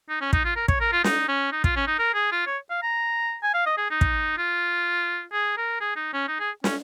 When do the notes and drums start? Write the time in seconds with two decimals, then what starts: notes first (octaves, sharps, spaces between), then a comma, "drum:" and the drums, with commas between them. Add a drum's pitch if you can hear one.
0.09 D#4
0.21 C#4
0.33 D#4, drum: kick
0.45 F4
0.56 A#4
0.68 C#5, drum: kick
0.80 A#4
0.92 F4
1.04 D#4, drum: snare
1.28 C#4
1.52 D#4
1.64 F4, drum: kick
1.76 C#4
1.87 D#4
1.99 A#4
2.15 G#4
2.32 F4
2.46 C#5
2.70 F5
2.82 A#5
3.43 G#5
3.54 F5
3.66 D#5
3.78 G#4
3.91 D#4
4.01 drum: kick
4.38 F4
5.32 G#4
5.57 A#4
5.81 G#4
5.96 D#4
6.13 C#4
6.28 D#4
6.40 G#4
6.64 C#4, drum: snare